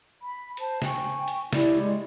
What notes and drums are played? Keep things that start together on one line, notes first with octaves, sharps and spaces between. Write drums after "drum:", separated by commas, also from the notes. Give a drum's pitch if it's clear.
B5
C5 A5, drum: hi-hat
G5 G#5 C#6, drum: snare
drum: hi-hat
E4 G4 C#5 D5, drum: snare
G#3